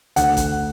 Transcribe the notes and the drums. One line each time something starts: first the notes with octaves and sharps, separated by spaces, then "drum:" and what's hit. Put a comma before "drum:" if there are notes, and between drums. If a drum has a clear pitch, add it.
D2 F#5, drum: hi-hat
drum: kick A1, hi-hat